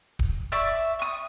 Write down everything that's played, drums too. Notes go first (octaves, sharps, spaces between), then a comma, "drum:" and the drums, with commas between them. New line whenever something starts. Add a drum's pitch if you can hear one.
drum: kick D1
D5 E5 C#6
C#6 D#6